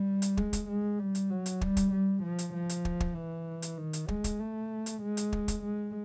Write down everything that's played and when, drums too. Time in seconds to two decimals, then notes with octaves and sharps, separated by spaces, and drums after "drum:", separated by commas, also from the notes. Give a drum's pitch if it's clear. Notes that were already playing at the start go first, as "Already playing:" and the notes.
Already playing: G3
0.22 drum: hi-hat
0.37 G#3, drum: kick
0.53 drum: kick, hi-hat
0.68 G#3
1.00 G3
1.15 drum: hi-hat
1.30 F#3
1.46 drum: hi-hat
1.61 G3, drum: kick
1.77 drum: kick, hi-hat
1.92 G3
2.23 F3
2.39 drum: hi-hat
2.54 F3
2.69 drum: hi-hat
2.85 drum: kick
3.00 drum: kick
3.16 E3
3.62 drum: hi-hat
3.78 D#3
3.93 drum: hi-hat
4.08 G#3, drum: kick
4.24 drum: kick, hi-hat
4.40 A3
4.86 drum: hi-hat
5.02 G#3
5.17 drum: hi-hat
5.33 drum: kick
5.48 drum: kick, hi-hat
5.63 G#3